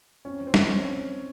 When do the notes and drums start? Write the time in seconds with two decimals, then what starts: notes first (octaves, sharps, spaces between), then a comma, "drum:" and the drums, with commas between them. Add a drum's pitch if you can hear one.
0.25 F2 C#4
0.40 F3
0.47 C4
0.54 F3, drum: snare
0.69 C#4